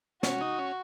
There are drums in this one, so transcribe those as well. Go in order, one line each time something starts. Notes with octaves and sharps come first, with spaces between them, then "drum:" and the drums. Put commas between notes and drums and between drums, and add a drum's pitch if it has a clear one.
C#4 F#4, drum: snare
D#4
C#4